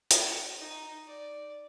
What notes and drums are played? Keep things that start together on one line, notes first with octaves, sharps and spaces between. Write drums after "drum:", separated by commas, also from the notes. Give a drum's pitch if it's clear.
drum: hi-hat
F#4
D#4
D5